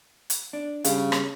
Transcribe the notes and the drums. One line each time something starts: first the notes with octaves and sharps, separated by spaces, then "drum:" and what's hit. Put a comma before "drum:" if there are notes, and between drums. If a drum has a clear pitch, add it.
drum: hi-hat
D4
G2 C#3 G4 F5, drum: hi-hat
drum: rim click